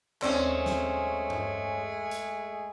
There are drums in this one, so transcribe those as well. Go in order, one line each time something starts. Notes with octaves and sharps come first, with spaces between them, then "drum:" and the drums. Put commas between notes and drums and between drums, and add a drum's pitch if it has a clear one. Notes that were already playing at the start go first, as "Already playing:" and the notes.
D#2 G#3 A3 C4 C#4 G#4 D5, drum: clap
drum: snare
drum: tom G2
drum: hi-hat